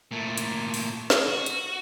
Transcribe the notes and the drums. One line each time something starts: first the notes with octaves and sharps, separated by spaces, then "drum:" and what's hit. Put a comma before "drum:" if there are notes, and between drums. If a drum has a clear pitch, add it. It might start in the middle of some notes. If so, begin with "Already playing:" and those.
A#2 A3
drum: hi-hat
drum: open hi-hat
drum: snare
F#4
drum: hi-hat